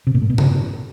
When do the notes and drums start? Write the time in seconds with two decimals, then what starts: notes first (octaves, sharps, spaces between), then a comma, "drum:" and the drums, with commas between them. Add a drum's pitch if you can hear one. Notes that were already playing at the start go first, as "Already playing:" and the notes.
0.07 C3
0.14 A#2
0.22 A2
0.30 B2
0.38 C#3, drum: tom